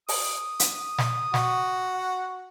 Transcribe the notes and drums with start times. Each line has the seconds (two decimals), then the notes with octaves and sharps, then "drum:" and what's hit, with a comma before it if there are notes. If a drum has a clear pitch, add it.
0.08 D#6, drum: open hi-hat
0.60 drum: hi-hat
0.99 drum: snare
1.34 F#4, drum: snare
1.94 F#5